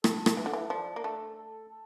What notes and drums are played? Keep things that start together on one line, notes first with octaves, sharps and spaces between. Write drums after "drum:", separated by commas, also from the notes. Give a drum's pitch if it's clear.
A4, drum: rim click
drum: rim click
E3 A4
D3
E3
F3 D4
A#3
A3 A4
A4
A4